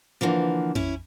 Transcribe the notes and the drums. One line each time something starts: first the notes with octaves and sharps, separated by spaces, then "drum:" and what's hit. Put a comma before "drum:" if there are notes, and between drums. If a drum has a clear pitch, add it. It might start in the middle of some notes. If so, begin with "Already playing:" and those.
D3 E3 F3 A#3
C#4 E4, drum: tom F2